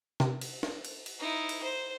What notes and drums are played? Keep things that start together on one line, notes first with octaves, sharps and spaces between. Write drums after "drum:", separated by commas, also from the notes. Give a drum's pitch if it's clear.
C3, drum: snare
drum: cymbal
drum: snare
drum: cymbal
drum: cymbal
D#4 E4
drum: cymbal
C5